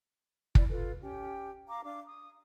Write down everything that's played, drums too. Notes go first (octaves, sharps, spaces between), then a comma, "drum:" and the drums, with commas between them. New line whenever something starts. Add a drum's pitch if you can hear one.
E4 D5, drum: kick
F4 A4 B4
C#4 G4 G5
F5 A#5 D6
D4 F5 D6
D#6